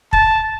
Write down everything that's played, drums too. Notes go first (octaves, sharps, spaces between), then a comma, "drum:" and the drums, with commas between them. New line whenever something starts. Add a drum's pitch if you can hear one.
A5, drum: kick